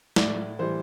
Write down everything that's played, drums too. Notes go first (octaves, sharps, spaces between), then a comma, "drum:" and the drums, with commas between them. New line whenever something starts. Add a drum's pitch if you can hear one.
A2 D5, drum: snare
E3 G3 C5